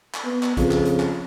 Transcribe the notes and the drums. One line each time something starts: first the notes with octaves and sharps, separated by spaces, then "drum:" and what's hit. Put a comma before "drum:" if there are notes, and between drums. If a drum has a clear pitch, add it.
drum: clap
B3
drum: clap
F2 C#3, drum: kick, hi-hat
drum: clap
drum: hi-hat
drum: clap